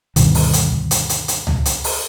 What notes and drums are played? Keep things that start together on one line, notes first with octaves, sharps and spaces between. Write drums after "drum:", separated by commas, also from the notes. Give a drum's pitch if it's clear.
D2 G2 B2 D#3, drum: hi-hat
drum: open hi-hat
drum: hi-hat
drum: kick
drum: hi-hat
drum: hi-hat
drum: hi-hat
drum: tom C#2
drum: hi-hat
drum: open hi-hat